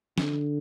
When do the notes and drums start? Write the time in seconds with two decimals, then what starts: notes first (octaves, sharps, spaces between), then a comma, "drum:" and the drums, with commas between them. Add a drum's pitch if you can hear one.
0.18 D3, drum: snare